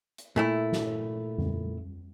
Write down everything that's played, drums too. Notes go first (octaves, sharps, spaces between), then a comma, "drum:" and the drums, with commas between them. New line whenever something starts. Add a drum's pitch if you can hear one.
drum: hi-hat
A#2 A3 E4
drum: snare
drum: tom